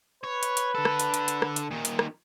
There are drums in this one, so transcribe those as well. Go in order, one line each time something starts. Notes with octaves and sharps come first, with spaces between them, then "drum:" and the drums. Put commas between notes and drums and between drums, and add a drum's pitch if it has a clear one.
B4 C#5
drum: hi-hat
drum: hi-hat
D3 A4
drum: rim click
drum: hi-hat
drum: hi-hat
drum: hi-hat
drum: rim click
drum: hi-hat
A#2 D#3
drum: hi-hat
drum: rim click